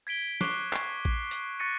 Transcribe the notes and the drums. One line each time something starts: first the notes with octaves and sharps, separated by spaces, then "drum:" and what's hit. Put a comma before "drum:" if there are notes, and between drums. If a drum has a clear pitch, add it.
G#6 B6 D7 G7
C#6 D6 F#6 C7 G7, drum: snare
C#6 C7, drum: clap
drum: kick A#1
drum: hi-hat
C#6 F#6 A6 A#6 C#7 D#7